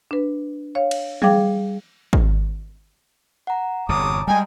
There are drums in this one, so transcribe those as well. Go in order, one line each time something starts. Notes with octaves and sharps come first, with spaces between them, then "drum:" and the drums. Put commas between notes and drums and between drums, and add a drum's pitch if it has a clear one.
D4 B4
C#5 F5
drum: cymbal
G3 G#4 F5 G5 D6, drum: tom
drum: kick
F#5 A#5
G1 E2 C3 C#5 A5 A#5 D6 D#6
G3 G#3 D#5 G5 G#5